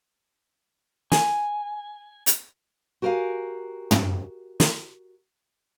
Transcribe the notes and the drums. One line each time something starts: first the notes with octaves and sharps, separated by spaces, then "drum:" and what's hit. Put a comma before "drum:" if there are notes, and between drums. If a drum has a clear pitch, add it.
G#5, drum: snare
drum: hi-hat
F#4 G4 A#4 C#5 F5 G#5
drum: tom
drum: snare